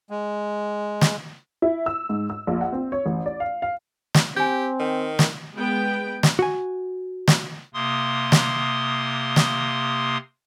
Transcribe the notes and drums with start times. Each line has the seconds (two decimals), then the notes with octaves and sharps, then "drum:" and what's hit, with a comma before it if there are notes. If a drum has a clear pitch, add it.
0.10 G#3
1.01 drum: snare
1.62 E4
1.86 E6
2.09 G#2
2.30 E6
2.47 A#1
2.61 F#5
2.73 C4
2.92 C#5
3.06 A1
3.26 D5
3.40 F5
3.62 F5
4.14 drum: snare
4.36 C4 G4 G#5 G6
4.79 D#3
5.19 drum: snare
5.54 G#3 B3 B4 G5
6.23 drum: snare
6.39 F#4 G#5
7.28 drum: snare
7.74 C3 A#3 C6 D#6
8.32 drum: snare
9.36 drum: snare